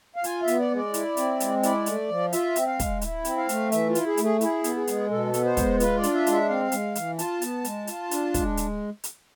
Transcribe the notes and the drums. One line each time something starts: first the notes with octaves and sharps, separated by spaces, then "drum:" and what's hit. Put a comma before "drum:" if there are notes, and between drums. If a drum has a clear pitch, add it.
F5
F4 G#5, drum: hi-hat
E5
B3, drum: hi-hat
D5
G#3
D5
E4, drum: hi-hat
C4, drum: hi-hat
G#3, drum: hi-hat
E4 D5, drum: hi-hat
A3, drum: hi-hat
F3
F4 E5, drum: hi-hat
C4, drum: hi-hat
F5
G#3, drum: kick, hi-hat
E4, drum: hi-hat
C4, drum: hi-hat
F5
A3, drum: hi-hat
E3 E5, drum: hi-hat
F4
E4, drum: hi-hat
G#4
A3, drum: hi-hat
G#4
E4 G#4, drum: hi-hat
B3, drum: hi-hat
G#4
G#3, drum: hi-hat
B2 A4
B3, drum: hi-hat
C5
G#3, drum: kick, hi-hat
F4 B4, drum: hi-hat
D5
D4, drum: hi-hat
E5
G#3 E5, drum: hi-hat
C4 F5
G#3, drum: hi-hat
E3, drum: hi-hat
F4 A5, drum: hi-hat
B3, drum: hi-hat
G#3, drum: hi-hat
F4, drum: hi-hat
D4, drum: hi-hat
G#3, drum: kick, hi-hat
drum: hi-hat
drum: hi-hat